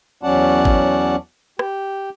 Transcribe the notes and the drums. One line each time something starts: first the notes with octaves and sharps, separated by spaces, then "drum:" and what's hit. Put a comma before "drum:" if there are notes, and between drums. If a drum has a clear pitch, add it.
E2 F#3 C#4 D5 F#5 A5
drum: kick G#1
G4, drum: rim click